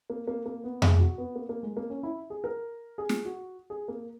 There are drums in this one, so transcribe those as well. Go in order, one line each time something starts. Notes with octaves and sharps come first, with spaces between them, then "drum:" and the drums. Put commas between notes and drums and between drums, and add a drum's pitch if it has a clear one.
A#3
A#3
A#3
B3
G#4, drum: tom F2
F#4
B3
A#3
A#3
G#3
A#3
C#4
E4
G#4
A#4
G#4
drum: snare
F#4
G#4
A#3